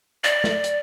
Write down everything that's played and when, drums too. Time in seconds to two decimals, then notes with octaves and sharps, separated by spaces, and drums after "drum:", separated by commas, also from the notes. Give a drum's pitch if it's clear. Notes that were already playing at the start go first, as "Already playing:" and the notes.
0.24 D5, drum: hi-hat
0.44 drum: snare
0.64 drum: hi-hat